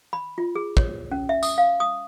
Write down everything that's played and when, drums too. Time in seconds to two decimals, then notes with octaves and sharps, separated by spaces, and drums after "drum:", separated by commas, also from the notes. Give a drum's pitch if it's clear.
0.13 B5
0.38 F4
0.55 G#4
0.77 C#5, drum: kick
1.11 C#4
1.29 E5
1.43 D#6, drum: tambourine
1.58 F5
1.80 D#6